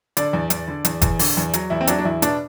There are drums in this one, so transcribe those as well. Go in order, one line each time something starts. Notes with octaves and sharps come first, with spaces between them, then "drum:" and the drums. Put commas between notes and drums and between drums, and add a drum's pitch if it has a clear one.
D3 D5, drum: hi-hat
E2
E2, drum: hi-hat
D3
E2, drum: hi-hat
E2, drum: kick F#1, hi-hat
D3, drum: open hi-hat
E2
F#3, drum: hi-hat
E2 E4
C4
F#3 D4, drum: hi-hat
D4
E2 E4
B2 D4, drum: hi-hat